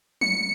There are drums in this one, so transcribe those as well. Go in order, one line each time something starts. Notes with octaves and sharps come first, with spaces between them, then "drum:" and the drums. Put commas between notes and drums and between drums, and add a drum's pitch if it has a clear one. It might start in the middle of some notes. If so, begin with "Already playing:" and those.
C#7, drum: tom F3